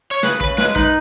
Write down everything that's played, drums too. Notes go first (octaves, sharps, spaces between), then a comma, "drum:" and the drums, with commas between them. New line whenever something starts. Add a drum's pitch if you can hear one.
C#5
C#3 B4, drum: snare
C#3 B4, drum: kick
G#3 B4, drum: snare
D#4 B4, drum: kick